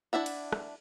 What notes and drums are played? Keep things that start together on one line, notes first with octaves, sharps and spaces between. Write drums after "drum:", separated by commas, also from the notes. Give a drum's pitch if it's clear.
D4 E4 E5 F#5
drum: cymbal
drum: rim click